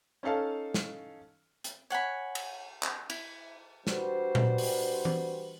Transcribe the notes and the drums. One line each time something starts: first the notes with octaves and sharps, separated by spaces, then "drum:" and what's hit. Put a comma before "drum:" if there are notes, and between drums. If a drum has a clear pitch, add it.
C#4 D#4 A4 F5 A5
drum: snare
drum: hi-hat
C#5 F#5 G#5 B5
drum: cymbal
drum: clap
E4, drum: cymbal
G3 D4 F#4 B4 C5, drum: snare
drum: tom A#2
drum: open hi-hat
drum: tom E3